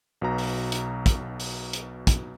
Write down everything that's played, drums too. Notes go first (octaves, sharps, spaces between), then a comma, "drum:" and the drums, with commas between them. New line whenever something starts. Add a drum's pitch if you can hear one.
B1 B2 A#5
drum: open hi-hat
drum: hi-hat
drum: kick, hi-hat
drum: open hi-hat
drum: hi-hat
drum: kick, hi-hat